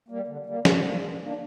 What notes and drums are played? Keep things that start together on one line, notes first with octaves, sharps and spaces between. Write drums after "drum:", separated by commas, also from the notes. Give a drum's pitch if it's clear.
G3 A#3
D3
G3 A#3
G2, drum: snare
D#3 A#3 D4
G2
D#3 A#3 D4